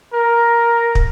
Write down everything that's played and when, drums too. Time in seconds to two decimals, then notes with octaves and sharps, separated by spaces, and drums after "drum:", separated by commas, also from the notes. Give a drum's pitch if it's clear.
0.14 A#4
0.95 drum: kick